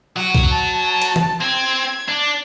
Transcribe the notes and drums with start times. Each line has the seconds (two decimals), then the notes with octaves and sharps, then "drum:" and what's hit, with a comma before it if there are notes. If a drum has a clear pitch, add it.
0.16 F#3 F#4 F#5
0.35 drum: kick B1
0.51 A5
1.02 drum: hi-hat
1.16 drum: tom
1.41 C4 G#6
2.08 D4